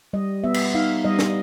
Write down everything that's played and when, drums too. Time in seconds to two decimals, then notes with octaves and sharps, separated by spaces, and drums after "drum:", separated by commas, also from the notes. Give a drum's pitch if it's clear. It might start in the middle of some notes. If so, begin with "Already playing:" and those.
0.13 G3 D#5
0.44 B3 E5
0.54 drum: cymbal
0.74 D#4 F5
1.05 G3 D#5
1.19 drum: snare